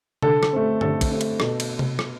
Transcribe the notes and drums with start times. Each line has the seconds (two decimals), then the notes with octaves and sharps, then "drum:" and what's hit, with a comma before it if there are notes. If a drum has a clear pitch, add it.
0.22 D3 A4, drum: tom C3
0.43 drum: rim click
0.53 A3 C4
0.81 D3 A4, drum: tom G2
1.01 drum: kick, cymbal
1.11 A3 C4
1.21 drum: cymbal
1.40 B2 A4, drum: rim click
1.60 drum: cymbal
1.79 drum: tom C3
1.99 drum: rim click